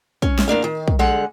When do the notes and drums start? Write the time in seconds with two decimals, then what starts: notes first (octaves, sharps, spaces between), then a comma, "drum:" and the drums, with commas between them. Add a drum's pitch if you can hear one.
0.22 C#4, drum: kick
0.39 drum: snare
0.48 E2 A#3 D4 F5
0.64 D#3
0.88 drum: kick
0.99 D3 G3 G#3 F#5